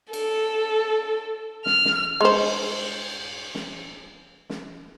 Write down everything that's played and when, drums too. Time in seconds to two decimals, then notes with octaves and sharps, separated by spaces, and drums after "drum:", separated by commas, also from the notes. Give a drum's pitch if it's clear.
0.13 A4, drum: cymbal
1.66 F6, drum: snare
1.85 drum: snare
2.21 G#3 C5, drum: cymbal
3.55 drum: snare
4.49 drum: snare